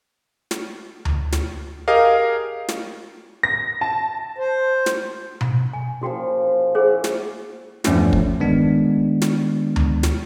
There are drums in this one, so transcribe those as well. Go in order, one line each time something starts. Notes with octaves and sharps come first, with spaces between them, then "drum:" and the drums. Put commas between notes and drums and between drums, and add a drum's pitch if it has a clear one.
drum: snare
drum: tom D2
drum: snare
G4 G#4 A#4 D#5 F5
drum: snare
A#6
A5
C5
drum: snare
drum: tom B2
G#5
A#2 C#3 F3 E4 F#4 G5
C#4 E4 G#4 C5 F#5
drum: snare
E2 G2 F3 A3 C#4 D4, drum: snare
drum: kick
D#3 G#3 B3 D4
drum: snare
drum: tom D2
drum: snare